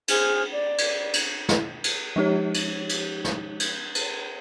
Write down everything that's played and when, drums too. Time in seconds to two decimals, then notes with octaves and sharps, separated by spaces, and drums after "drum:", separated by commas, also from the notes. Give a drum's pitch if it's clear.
0.08 G#4 C5 F6, drum: cymbal
0.49 D5
0.78 drum: cymbal
1.13 drum: cymbal
1.49 drum: snare
1.84 drum: cymbal
2.16 F3 G#3 D#4 G4 C#5
2.54 drum: cymbal
2.89 drum: cymbal
3.25 drum: snare
3.60 drum: cymbal
3.95 drum: cymbal